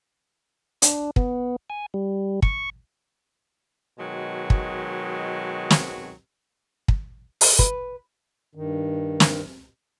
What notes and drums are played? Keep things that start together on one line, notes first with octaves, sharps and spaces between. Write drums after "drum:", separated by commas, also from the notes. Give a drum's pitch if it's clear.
D4, drum: hi-hat
B3, drum: kick
G#5
G3
C#6, drum: kick
B2 D#3 F#3 G#3
drum: kick
drum: snare
drum: kick
drum: open hi-hat
B4, drum: kick
G2 D#3
drum: snare